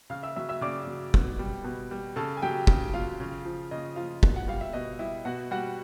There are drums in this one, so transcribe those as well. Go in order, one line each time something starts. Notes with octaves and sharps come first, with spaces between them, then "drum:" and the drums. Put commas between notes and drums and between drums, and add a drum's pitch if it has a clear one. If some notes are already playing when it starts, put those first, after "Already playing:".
C#3 F5 F6
E5 E6
F#3 E5 E6
E5 E6
C#3 D5 D6
F#3
B2, drum: kick
G3
B2
G3
C#3 A4 A5
G#5
F#3 G4 G5
C#3, drum: kick
F#3 F4 F5
C#3
F3
C#3 D#5
F3 F4 F5
B2, drum: kick
F#5
G3 F5
E5
B2 D#5
G3 E4 E5
B2 F#4 F#5
G3 F#4 F#5